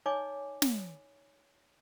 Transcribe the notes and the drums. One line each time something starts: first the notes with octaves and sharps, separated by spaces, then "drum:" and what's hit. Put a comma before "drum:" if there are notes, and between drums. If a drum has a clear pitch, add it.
D#4 C#5 D#5 G#5 D6
drum: snare